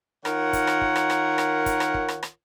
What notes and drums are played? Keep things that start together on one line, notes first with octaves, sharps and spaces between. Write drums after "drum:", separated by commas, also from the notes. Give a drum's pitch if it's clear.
D#3 F4 A#4 C#5 F#5, drum: rim click
drum: kick, hi-hat
drum: rim click
drum: kick
drum: rim click
drum: rim click
drum: rim click
drum: kick, hi-hat
drum: rim click
drum: kick
drum: rim click
drum: rim click